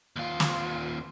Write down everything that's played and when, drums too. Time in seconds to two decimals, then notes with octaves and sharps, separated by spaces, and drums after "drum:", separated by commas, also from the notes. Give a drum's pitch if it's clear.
0.16 D#2 F4
0.40 drum: snare